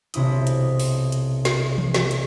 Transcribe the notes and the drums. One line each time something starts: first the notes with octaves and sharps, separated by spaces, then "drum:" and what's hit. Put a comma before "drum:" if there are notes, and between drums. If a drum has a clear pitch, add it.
B1 C3 E4 D#6, drum: hi-hat
drum: hi-hat
drum: open hi-hat
drum: hi-hat
drum: snare
drum: tom E3
drum: snare
drum: hi-hat